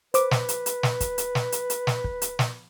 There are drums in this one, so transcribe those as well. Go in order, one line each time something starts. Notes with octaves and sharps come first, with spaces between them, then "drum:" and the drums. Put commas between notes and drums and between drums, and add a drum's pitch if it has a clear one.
B4 C5 D6, drum: hi-hat
drum: snare
drum: hi-hat
drum: hi-hat
drum: snare
drum: kick, hi-hat
drum: hi-hat
drum: snare
drum: hi-hat
drum: hi-hat
drum: snare
drum: kick
drum: hi-hat
drum: snare